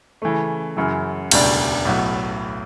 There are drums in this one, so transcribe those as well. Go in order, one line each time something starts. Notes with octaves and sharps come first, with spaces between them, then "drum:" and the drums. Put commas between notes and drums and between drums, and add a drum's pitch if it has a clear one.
C#3 E3 A3
F#2 C#3 E3
E1 D2 C#3 G3 D4, drum: cymbal
B1 A2 F#3 B3